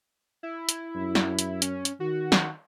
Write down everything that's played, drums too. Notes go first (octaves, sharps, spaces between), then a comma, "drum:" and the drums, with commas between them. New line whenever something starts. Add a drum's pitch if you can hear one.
E4
drum: hi-hat
F#2
drum: snare
drum: hi-hat
C#4, drum: hi-hat
drum: hi-hat
D#3 F#4
drum: snare